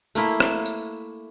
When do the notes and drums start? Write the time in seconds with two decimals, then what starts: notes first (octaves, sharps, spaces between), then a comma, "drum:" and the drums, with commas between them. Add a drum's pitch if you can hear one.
0.15 A3 A#3 E4, drum: tambourine
0.40 drum: rim click
0.66 drum: tambourine